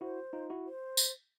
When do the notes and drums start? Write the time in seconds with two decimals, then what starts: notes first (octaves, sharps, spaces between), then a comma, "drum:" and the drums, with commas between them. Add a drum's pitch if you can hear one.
0.01 E4 F#4 C5
0.33 D#4 F4
0.50 E4 F#4
0.66 C5
0.97 drum: tambourine